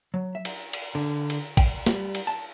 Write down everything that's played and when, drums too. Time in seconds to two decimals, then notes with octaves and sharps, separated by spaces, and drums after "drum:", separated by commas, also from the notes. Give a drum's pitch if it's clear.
0.14 F#3
0.35 E5
0.45 drum: cymbal
0.73 drum: cymbal
0.95 D3
1.30 drum: cymbal
1.57 G5, drum: kick A1, cymbal
1.86 G3, drum: snare
2.15 drum: cymbal
2.27 A5